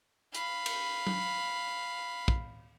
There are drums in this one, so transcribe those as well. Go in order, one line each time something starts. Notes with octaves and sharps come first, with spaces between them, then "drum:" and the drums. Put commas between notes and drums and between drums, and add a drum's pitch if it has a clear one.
F5 B5, drum: hi-hat
drum: cymbal
drum: tom F#3
drum: kick